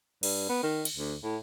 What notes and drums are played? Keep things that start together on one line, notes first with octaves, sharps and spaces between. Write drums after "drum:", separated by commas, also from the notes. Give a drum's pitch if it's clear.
G2, drum: cymbal
B3
D#3
drum: cymbal
D2
A2